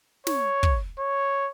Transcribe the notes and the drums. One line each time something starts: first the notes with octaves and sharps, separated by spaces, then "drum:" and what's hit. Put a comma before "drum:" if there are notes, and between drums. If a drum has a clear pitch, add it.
C#5, drum: snare
drum: kick
C#5